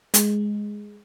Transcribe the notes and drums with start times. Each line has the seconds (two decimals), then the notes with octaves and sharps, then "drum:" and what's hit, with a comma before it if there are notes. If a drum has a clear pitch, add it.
0.14 G#3, drum: hi-hat